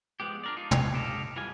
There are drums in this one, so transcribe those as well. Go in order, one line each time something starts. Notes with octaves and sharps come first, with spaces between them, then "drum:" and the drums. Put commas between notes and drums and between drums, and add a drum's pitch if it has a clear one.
F3 G#3 B3 G4
D4 A#4 D5
D#4 F4
B3 F4 C#5, drum: tom
G4 A4 D#5 F5
E3 G3 G#3 F4 G#5